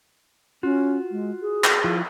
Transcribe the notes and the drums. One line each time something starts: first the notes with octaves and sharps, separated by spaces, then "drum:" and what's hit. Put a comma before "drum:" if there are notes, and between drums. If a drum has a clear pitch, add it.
C#4 F4 F#4
G#3
G#4
drum: clap
F3 E4 F4